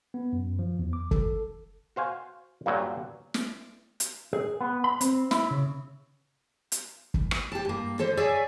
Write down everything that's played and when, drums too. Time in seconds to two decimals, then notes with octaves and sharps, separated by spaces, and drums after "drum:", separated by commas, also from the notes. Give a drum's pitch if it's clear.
0.14 B3
0.33 F#2
0.59 F3
0.79 E2
0.93 D6
1.11 A4, drum: kick
1.96 F#4 C5 F5 G#5
2.66 G2 A#2 D3 F#3 G3
3.34 drum: snare
4.00 drum: hi-hat
4.33 G#4
4.61 B3
4.84 B5
5.01 C4, drum: hi-hat
5.31 E4, drum: snare
5.51 C#3
6.72 drum: hi-hat
7.14 drum: kick
7.31 drum: rim click
7.52 G4 A5
7.65 G2 A#3
7.99 D3 A4 C5
8.17 G#4 C#5 D5 E5 G#5 A5